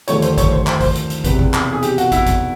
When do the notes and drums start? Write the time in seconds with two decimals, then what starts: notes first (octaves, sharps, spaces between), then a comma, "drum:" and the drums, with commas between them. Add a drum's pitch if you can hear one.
0.08 D#2 D3 F3 A3 C#5, drum: hi-hat
0.22 C5, drum: hi-hat
0.38 C#5, drum: kick, hi-hat
0.52 C5, drum: kick
0.67 C5, drum: clap
0.80 C5, drum: kick, open hi-hat
0.95 drum: hi-hat
1.10 drum: hi-hat
1.24 E1 E2 C3 E3 B4, drum: kick, hi-hat
1.39 drum: kick
1.54 drum: clap
1.72 G#4
1.83 G4, drum: hi-hat
1.98 F#4, drum: hi-hat
2.12 E4, drum: kick, hi-hat
2.26 drum: kick, hi-hat